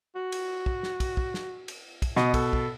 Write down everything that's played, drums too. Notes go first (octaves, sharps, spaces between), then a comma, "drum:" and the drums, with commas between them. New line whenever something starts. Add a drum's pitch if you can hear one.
F#4
drum: cymbal
drum: kick
drum: snare
drum: kick, cymbal
drum: kick
drum: snare
drum: cymbal
drum: kick, cymbal
B2 D#5, drum: snare
A4, drum: kick, cymbal
drum: kick